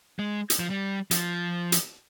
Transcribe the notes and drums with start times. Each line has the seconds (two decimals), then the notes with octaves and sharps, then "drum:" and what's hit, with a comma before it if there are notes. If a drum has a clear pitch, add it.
0.19 G#3
0.50 drum: hi-hat
0.59 F3
0.70 G3
1.11 F3, drum: hi-hat
1.72 drum: hi-hat